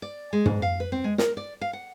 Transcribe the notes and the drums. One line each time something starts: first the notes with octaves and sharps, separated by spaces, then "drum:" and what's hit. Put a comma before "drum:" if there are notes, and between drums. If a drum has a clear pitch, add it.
D5
G#3
G#2, drum: tom
F5
B4
C4
G#3
A#4, drum: snare
D5
F5
F#5